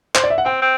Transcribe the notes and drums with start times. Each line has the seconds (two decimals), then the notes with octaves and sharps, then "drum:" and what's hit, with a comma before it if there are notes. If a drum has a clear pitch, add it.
0.15 C5, drum: clap
0.24 D5
0.30 E5
0.38 F#5
0.45 C4 G5
0.62 C4